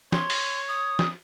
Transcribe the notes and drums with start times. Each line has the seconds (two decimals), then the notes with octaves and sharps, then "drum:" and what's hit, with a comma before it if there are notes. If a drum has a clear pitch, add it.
0.12 C#5 C6, drum: snare
0.30 drum: open hi-hat
0.68 D#6
0.99 drum: snare